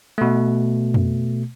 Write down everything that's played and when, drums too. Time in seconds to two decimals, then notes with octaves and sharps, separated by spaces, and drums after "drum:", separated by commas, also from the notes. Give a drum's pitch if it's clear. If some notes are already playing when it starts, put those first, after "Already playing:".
0.18 B2 A3
0.94 drum: tom F2